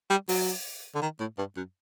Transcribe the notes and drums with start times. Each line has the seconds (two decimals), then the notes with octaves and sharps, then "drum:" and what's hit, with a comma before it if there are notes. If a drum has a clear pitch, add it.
0.10 G3
0.29 F#3, drum: open hi-hat
0.95 D3
1.02 D#3
1.20 A2
1.38 G2
1.56 F#2